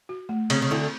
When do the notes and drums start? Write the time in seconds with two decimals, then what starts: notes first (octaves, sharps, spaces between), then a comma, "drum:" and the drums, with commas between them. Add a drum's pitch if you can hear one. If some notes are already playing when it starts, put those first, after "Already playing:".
0.09 F#4
0.29 A3
0.50 C#3 C4, drum: cymbal
0.62 C#3
0.71 D2 D3 E4